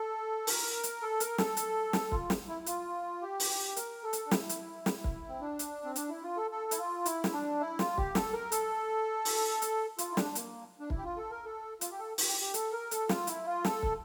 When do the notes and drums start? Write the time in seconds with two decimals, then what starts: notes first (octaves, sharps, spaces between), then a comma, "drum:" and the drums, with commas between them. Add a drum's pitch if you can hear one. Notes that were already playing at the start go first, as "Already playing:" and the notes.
Already playing: A4
0.47 A#4, drum: open hi-hat
0.83 drum: hi-hat
1.02 A4
1.20 A#4, drum: hi-hat
1.38 A4, drum: snare
1.57 drum: hi-hat
1.93 drum: snare
2.12 F4, drum: kick
2.30 drum: snare
2.48 E4
2.66 F4, drum: hi-hat
3.22 G4
3.40 drum: open hi-hat
3.76 A#4, drum: hi-hat
4.03 A4
4.13 drum: hi-hat
4.26 D4
4.31 E4, drum: snare
4.49 drum: hi-hat
4.86 drum: snare
5.04 drum: kick
5.29 C4
5.41 D4
5.59 drum: hi-hat
5.85 C4
5.96 D4, drum: hi-hat
6.09 E4
6.23 F4
6.37 A4
6.51 A4
6.71 E4, drum: hi-hat
6.78 F4
7.06 E4, drum: hi-hat
7.24 drum: snare
7.33 D4
7.60 E4
7.79 F4, drum: snare
7.98 G4, drum: kick
8.15 A4, drum: snare
8.33 A#4
8.52 A4, drum: hi-hat
9.25 drum: open hi-hat
9.62 drum: hi-hat
9.98 F4, drum: hi-hat
10.12 E4
10.17 D4, drum: snare
10.35 A#3, drum: hi-hat
10.80 D4
10.90 E4, drum: kick
10.98 G4
11.04 F4
11.17 A4
11.31 A#4
11.45 A4
11.81 F4, drum: hi-hat
11.91 G4
11.99 A4
12.18 drum: open hi-hat
12.27 G4
12.40 G4
12.54 A4, drum: hi-hat
12.72 A#4
12.91 A4, drum: hi-hat
13.09 F4, drum: snare
13.27 E4, drum: hi-hat
13.46 F4
13.65 A4, drum: snare
13.83 drum: kick